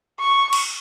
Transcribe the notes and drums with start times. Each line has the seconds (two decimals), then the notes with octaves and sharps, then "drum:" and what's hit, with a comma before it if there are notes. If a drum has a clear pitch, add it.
0.20 C#6
0.53 drum: cymbal